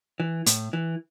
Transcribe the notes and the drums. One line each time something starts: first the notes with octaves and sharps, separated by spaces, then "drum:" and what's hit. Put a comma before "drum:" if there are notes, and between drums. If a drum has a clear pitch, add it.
E3
A2, drum: hi-hat
E3